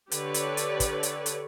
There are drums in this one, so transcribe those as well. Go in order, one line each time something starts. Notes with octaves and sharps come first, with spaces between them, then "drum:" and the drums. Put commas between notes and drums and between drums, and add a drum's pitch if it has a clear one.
D3 G4 A4 B4 C#5 D5, drum: hi-hat
drum: hi-hat
drum: hi-hat
drum: kick, hi-hat
drum: hi-hat
drum: hi-hat